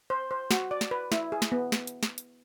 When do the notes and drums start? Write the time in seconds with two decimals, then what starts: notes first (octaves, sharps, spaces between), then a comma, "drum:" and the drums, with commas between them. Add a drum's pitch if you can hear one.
0.10 C5
0.31 C5
0.51 F#4, drum: snare
0.71 D5
0.81 drum: snare
0.91 B4
1.12 E4, drum: snare
1.32 G#4
1.42 drum: snare
1.52 B3
1.72 drum: snare
1.87 drum: hi-hat
2.03 drum: snare
2.18 drum: hi-hat